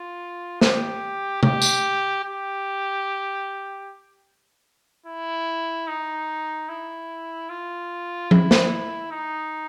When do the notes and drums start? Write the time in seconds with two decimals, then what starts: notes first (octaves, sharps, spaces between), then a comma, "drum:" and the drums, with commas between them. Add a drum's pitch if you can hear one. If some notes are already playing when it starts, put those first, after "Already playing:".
Already playing: F4
0.61 G4, drum: snare
1.43 G4, drum: tom C3
1.61 drum: tambourine
2.24 G4
5.06 E4
5.88 D#4
6.69 E4
7.50 F4
8.31 E4, drum: tom F3
8.51 drum: snare
9.11 D#4